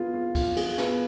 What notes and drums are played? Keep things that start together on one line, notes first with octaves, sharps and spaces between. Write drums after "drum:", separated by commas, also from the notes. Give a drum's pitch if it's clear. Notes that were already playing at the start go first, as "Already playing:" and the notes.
Already playing: B3 F4 G#4
F4
F4, drum: kick, cymbal
G#4, drum: cymbal
B3, drum: snare